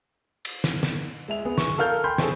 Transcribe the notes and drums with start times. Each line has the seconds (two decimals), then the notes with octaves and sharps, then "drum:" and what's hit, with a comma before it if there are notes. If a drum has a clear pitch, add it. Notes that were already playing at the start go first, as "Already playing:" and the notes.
0.45 drum: cymbal
0.64 drum: snare
0.83 drum: snare
1.28 G#3 E5 F7
1.45 B3 G#4
1.58 C#6, drum: snare
1.78 A4 A#4 F5 F6 G6
2.04 G5 G#5 B5 C6 G6
2.18 G#4 A4 C5 C#6, drum: snare